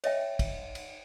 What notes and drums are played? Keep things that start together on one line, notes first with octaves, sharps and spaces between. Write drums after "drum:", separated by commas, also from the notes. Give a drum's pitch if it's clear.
C#5 D#5 E5 G5, drum: cymbal
drum: kick, cymbal
drum: cymbal